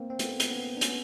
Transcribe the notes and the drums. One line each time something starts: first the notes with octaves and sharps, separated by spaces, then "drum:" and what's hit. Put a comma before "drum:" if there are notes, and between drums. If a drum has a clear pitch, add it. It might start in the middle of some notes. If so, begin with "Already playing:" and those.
Already playing: A#3 C4
C4
A3 B3, drum: hi-hat
drum: hi-hat
B3 C#4
D4
B3 C#4, drum: hi-hat